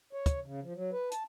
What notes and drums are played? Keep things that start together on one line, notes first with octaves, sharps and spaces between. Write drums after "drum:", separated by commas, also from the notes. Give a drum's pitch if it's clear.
C#5
drum: kick, hi-hat
C#3
F3
F#3
B4
A5, drum: hi-hat